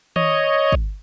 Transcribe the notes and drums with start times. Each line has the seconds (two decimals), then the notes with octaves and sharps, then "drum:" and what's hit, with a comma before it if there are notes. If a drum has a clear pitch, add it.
0.16 C#5 D#5, drum: tom D#3
0.72 drum: kick